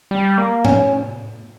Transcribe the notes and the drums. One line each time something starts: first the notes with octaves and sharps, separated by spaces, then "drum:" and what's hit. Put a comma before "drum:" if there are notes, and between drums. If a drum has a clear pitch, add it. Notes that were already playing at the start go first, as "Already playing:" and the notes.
G3
A#3
C#4, drum: tom G#2